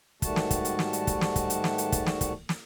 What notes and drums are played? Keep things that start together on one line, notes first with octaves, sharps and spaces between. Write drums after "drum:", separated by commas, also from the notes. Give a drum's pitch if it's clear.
G#2 D#3 G3 A3 F#4 A5, drum: kick, hi-hat
drum: snare
drum: kick, hi-hat
drum: hi-hat
drum: snare
drum: hi-hat
drum: kick, hi-hat
drum: snare
drum: kick, hi-hat
drum: hi-hat
drum: snare
drum: hi-hat
drum: kick, hi-hat
drum: snare
drum: kick, hi-hat
drum: snare